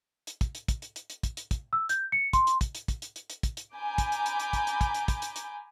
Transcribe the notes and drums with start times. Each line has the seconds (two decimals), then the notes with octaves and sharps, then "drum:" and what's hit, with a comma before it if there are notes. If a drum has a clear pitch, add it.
0.27 drum: hi-hat
0.41 drum: kick, hi-hat
0.55 drum: hi-hat
0.68 drum: kick, hi-hat
0.82 drum: hi-hat
0.96 drum: hi-hat
1.10 drum: hi-hat
1.23 drum: kick, hi-hat
1.37 drum: hi-hat
1.51 drum: kick, hi-hat
1.73 E6
1.89 G6, drum: hi-hat
2.12 C#7
2.33 C6, drum: kick, hi-hat
2.47 drum: hi-hat
2.61 drum: kick, hi-hat
2.75 drum: hi-hat
2.88 drum: kick, hi-hat
3.02 drum: hi-hat
3.16 drum: hi-hat
3.30 drum: hi-hat
3.43 drum: kick, hi-hat
3.57 drum: hi-hat
3.76 G#5 A#5 B5 D6 G6
3.98 drum: kick, hi-hat
4.12 drum: hi-hat
4.26 drum: hi-hat
4.40 drum: hi-hat
4.53 drum: kick, hi-hat
4.67 drum: hi-hat
4.81 drum: kick, hi-hat
4.95 drum: hi-hat
5.08 drum: kick, hi-hat
5.22 drum: hi-hat
5.36 drum: hi-hat